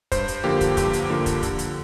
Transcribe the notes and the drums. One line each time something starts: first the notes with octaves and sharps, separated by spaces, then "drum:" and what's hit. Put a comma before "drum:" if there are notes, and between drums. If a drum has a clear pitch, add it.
G2 C5, drum: kick, hi-hat
drum: hi-hat
D3 F3 A#3 G4
drum: kick, hi-hat
G2 G4, drum: kick, hi-hat
drum: hi-hat
D3 F3 A#3
drum: kick, hi-hat
D3, drum: kick, hi-hat
drum: hi-hat